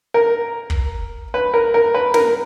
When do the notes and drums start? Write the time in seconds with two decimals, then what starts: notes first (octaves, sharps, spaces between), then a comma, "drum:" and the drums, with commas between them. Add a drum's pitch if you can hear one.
0.14 A#4
0.70 drum: kick
1.34 B4
1.54 A#4
1.74 A#4
1.94 B4
2.14 A#4, drum: snare